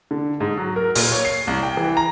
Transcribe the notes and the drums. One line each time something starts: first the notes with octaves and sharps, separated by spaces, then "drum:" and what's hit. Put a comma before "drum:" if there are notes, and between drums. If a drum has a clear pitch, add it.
D3
G#2
F#3
A#4
A#2, drum: open hi-hat
C#5
C7
C2
G5
E3
A#5